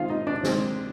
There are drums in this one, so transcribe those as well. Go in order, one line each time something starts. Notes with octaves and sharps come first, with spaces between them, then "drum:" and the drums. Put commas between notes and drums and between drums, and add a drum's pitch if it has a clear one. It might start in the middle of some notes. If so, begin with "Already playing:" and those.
Already playing: D#3 G#3 C4 F4 F5
D#4 D#5
D4 D5
D#3 G#3 C4, drum: snare